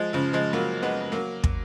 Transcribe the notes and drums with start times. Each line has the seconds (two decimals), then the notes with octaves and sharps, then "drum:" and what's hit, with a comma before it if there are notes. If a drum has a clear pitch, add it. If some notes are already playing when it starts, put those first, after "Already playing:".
Already playing: F3 G#3
0.13 C#3 F3
0.33 F3 G#3
0.53 F#3 A#3
0.82 G#3 B3
1.12 F#3 A#3
1.44 drum: kick